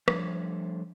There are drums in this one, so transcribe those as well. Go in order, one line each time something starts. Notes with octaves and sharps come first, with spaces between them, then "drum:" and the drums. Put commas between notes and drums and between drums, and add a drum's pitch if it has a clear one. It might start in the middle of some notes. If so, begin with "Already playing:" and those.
F3 G3 A3 D4 C5 C#5, drum: rim click